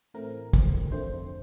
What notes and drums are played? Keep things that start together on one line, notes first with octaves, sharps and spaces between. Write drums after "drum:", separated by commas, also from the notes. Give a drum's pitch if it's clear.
A2 E3 A3 C4 A#4
drum: kick, hi-hat
F2 D3 A3 C4 C5